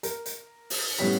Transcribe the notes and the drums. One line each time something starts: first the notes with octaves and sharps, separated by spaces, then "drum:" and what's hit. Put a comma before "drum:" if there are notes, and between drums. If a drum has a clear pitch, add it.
A#4, drum: hi-hat
drum: hi-hat
drum: open hi-hat
A2 G3 B3 C#4 G4 B6